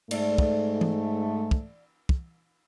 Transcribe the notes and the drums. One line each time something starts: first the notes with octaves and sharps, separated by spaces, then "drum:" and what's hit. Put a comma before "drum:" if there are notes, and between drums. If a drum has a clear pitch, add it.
G#2 A3 D5 E5, drum: cymbal
drum: kick
drum: tom E3
drum: kick
drum: kick